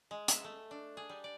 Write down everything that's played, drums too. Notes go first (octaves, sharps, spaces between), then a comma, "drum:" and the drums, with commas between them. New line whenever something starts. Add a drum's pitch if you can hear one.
G#3
E5, drum: hi-hat
A3
D4
G#4
G3
D5